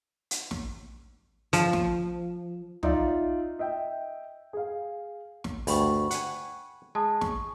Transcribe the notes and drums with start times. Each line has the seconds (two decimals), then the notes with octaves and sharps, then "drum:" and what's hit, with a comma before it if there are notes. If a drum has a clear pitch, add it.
0.31 drum: hi-hat
0.51 drum: snare
1.53 F3, drum: hi-hat
1.73 drum: snare
2.83 D#4 F4 D5 E5, drum: tom
3.59 D#5 E5 G5
4.53 G#4 F5
5.44 drum: snare
5.67 D2 G2 G5 B5 C#6, drum: open hi-hat
6.11 F#5 G#5, drum: hi-hat
6.95 G#3 A5 D#6
7.21 C#6, drum: snare